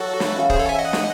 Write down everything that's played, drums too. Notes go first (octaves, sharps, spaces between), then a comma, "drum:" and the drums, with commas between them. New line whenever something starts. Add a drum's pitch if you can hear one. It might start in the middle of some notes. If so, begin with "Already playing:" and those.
Already playing: F#3 F#4 A4
E3, drum: snare
C#3
G#4 C5, drum: kick
A4 C#5
E5 G#5
D#5 F#5
drum: snare